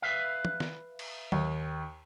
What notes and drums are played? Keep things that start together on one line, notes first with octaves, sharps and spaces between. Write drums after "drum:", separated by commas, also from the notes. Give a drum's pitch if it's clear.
B4 E5 F5
drum: tom
drum: snare
drum: cymbal
D#2, drum: tom F#3